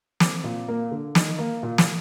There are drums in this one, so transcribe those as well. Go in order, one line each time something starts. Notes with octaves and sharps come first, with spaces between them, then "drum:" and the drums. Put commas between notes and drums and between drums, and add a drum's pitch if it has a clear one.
C4 D6, drum: snare
A#2
A#3
D3
D#3, drum: snare
A#3
A#2
drum: snare